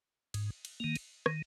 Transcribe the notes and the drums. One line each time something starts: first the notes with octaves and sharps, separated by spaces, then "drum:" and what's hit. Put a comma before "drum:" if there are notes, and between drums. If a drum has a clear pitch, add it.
G#2, drum: cymbal
drum: cymbal
D#3 A#3
drum: cymbal
D#3, drum: rim click